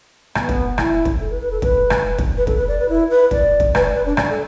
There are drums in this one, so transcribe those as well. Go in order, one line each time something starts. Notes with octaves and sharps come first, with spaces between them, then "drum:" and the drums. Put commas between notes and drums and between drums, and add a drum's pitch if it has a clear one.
B3, drum: rim click
drum: kick
E4, drum: rim click
drum: kick
A4
B4
B4
A4
B4, drum: kick
drum: rim click
drum: kick
B4
A4, drum: kick
B4
D5
B4
E4
B4
D5, drum: kick
drum: kick
B4, drum: rim click
D5
B4
D4
D5, drum: rim click
A4